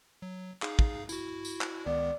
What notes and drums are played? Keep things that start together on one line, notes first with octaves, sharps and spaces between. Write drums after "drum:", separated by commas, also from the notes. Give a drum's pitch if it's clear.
F#3
D#4 G#4 F5, drum: clap
drum: kick
E4 F#4, drum: tambourine
drum: tambourine
drum: clap
C#2 D#3 B3 D5